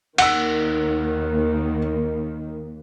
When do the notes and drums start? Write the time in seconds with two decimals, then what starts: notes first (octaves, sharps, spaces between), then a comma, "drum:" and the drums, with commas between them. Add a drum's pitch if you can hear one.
0.18 D#2 D#3 F#5 E6, drum: cymbal